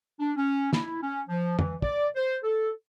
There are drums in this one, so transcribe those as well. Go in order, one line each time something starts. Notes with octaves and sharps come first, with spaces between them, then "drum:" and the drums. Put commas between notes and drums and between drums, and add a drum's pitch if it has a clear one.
D4
C#4
E4, drum: snare
C#4
F3
E3, drum: tom
D5, drum: kick
C5
A4